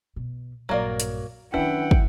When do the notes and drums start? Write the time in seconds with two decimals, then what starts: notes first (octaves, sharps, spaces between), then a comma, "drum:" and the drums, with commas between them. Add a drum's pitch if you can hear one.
0.16 B2
0.69 A#1 G2 F#3 A#3 D5
1.00 drum: hi-hat
1.54 F#2 D#3 C#4 D4 E4 B4 F#5 G5
1.91 drum: kick